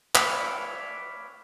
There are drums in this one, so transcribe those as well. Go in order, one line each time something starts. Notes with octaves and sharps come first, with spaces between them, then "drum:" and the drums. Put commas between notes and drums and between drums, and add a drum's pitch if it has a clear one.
C#5 D5 E5 F5 B5, drum: clap